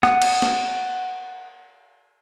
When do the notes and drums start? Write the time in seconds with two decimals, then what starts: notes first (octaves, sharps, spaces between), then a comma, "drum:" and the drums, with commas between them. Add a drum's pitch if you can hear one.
0.03 F#5 D#6, drum: snare
0.22 drum: cymbal
0.42 drum: snare